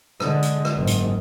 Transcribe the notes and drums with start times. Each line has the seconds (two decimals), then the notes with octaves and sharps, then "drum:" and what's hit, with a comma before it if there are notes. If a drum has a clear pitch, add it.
0.20 D3 G#3, drum: rim click
0.43 drum: hi-hat
0.65 drum: rim click
0.76 F#1 G#2
0.87 drum: hi-hat